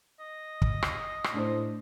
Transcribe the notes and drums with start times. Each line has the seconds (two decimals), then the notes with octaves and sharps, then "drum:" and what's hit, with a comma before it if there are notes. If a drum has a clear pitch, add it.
0.20 D#5
0.62 drum: kick
0.83 drum: rim click
1.24 drum: rim click
1.34 A2 D4 C5